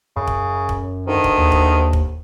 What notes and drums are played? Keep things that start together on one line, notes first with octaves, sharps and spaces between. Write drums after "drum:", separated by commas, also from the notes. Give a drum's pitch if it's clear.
F#2 C#3
drum: kick
drum: kick
D2 D#3
drum: kick
D#2
drum: kick
drum: kick